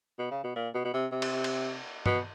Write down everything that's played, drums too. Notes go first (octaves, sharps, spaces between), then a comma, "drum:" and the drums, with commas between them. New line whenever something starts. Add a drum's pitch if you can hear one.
B2
C#3
B2
A#2
B2
B2
C3
C3
drum: cymbal
drum: cymbal
B2, drum: tom